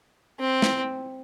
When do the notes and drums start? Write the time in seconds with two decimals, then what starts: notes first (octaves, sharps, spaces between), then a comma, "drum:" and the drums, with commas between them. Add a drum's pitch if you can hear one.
0.40 C4
0.62 drum: snare